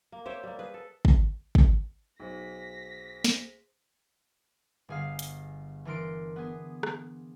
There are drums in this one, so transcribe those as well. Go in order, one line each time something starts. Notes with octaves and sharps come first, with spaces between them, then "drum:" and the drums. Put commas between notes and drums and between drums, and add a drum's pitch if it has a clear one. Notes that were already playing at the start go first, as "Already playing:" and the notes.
A#3
G4 C5 C#5 E5
G3 A#3
G#4 B4
A4
drum: kick
drum: kick
B1 G#4 C5 A#6 B6
drum: snare
G1 G#4 F5
drum: hi-hat
E3 D4 A#4 C6 D7
B3 G#4
drum: rim click